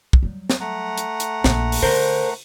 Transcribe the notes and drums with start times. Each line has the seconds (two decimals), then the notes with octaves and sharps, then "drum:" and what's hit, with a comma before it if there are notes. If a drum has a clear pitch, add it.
0.13 drum: kick
0.23 F#3 G3
0.50 drum: snare
0.60 A3 F#5 A#5
0.98 drum: hi-hat
1.20 drum: hi-hat
1.44 A#1, drum: snare
1.72 drum: open hi-hat
1.82 D3 A#4 C5